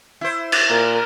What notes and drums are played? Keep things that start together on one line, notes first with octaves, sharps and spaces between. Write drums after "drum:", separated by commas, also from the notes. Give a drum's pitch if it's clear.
E4 C5
drum: cymbal
A#2 A#4